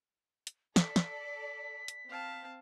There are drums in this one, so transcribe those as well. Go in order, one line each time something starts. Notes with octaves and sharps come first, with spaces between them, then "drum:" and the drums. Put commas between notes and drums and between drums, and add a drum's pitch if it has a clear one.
drum: hi-hat
A4 D5 B6, drum: snare
drum: snare
drum: hi-hat
C4 F5 A5